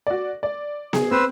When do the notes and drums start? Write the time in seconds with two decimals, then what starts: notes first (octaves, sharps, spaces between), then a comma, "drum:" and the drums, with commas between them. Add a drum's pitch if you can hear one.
0.07 F#4 D5
0.43 D5
0.93 G#4, drum: snare B3
1.11 C4 B4 C5 E6